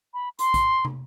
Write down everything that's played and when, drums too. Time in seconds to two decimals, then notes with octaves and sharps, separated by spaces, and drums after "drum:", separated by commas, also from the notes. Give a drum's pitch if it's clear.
0.14 B5
0.39 C6, drum: hi-hat
0.54 drum: kick A1, hi-hat
0.85 drum: tom